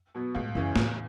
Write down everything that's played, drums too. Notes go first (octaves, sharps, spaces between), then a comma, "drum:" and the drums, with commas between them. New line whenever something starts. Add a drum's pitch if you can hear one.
B2 F#3 B3
C#2 A2
F#2 C#3 E3 C#4
E2 A2, drum: snare